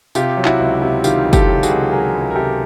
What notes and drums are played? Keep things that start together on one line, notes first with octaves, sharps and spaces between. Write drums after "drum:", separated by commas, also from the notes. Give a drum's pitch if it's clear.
C3 F4 G4, drum: tambourine
F#3
E4 F#4, drum: clap
C#2
C3
D#3 F4 G4, drum: tambourine
C#2
G4 A4, drum: kick, tambourine
F#3
F#4 G#4, drum: tambourine
C#2
F#3 G#4 A#4
C#2
A#4
C3 G4 A4